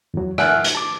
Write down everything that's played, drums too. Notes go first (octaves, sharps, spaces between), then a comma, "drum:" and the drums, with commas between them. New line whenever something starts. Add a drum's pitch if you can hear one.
E2 F#3
E5 F#5 G#5 A5 F6 F#6, drum: rim click
drum: hi-hat
A5 D6